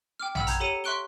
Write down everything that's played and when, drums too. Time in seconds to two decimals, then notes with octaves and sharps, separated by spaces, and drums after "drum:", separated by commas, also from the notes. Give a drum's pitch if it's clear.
0.20 G5 D6 F6
0.35 E5 F#5 G5 B5 E6 F6, drum: tom A#1
0.47 A#5 G6 G#6, drum: hi-hat
0.60 G4 A4 C#5 A#5 C#7 D#7
0.84 E5 C6 C#6 F#6 D7 G7